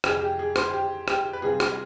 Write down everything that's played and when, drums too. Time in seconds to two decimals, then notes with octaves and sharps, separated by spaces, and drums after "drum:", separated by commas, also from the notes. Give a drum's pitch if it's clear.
0.04 F2 C3 F3 G#4, drum: rim click
0.21 G4
0.39 G#4
0.56 C5, drum: rim click
0.73 G4
1.08 G4, drum: rim click
1.33 B4
1.42 C3 G3 C4 F4 G#4
1.60 drum: rim click